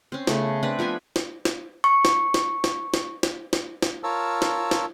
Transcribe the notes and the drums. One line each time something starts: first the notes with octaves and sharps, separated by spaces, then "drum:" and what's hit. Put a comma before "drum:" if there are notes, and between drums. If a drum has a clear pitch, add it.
C4 C#4
C#3 A3 B3, drum: snare
C4 D4 B4
F3 B3 E5 G#5
drum: snare
drum: snare
C#6
drum: snare
drum: snare
drum: snare
drum: snare
drum: snare
drum: snare
drum: snare
F4 A#4 C#5 A5 E6
drum: snare
drum: snare